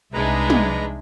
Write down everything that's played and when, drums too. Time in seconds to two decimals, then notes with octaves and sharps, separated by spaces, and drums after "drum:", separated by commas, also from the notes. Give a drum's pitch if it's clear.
0.14 C2 G#3 D4 D#4 B4 E5 A#5
0.50 drum: tom